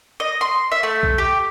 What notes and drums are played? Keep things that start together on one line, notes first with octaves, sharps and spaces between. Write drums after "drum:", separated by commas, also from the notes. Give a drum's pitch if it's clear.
D#5
C6
E5
A3
drum: kick B1
G4